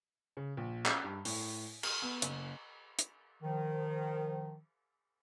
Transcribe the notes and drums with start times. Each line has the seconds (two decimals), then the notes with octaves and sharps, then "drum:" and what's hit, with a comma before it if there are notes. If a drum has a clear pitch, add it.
0.37 C#3
0.57 A#1
0.86 C#4, drum: clap
1.04 G2
1.25 A2, drum: open hi-hat
1.83 F6, drum: cymbal
2.02 B3
2.22 F#1, drum: hi-hat
2.99 drum: hi-hat
3.42 D#3 F3